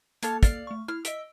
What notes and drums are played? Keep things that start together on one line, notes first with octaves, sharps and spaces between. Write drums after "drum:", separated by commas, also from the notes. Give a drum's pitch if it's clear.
A#3 A4 C#5 F5 A5, drum: hi-hat
D5 F5, drum: kick, hi-hat
A3 C#6
E4 F6
D#5 E5 D7, drum: hi-hat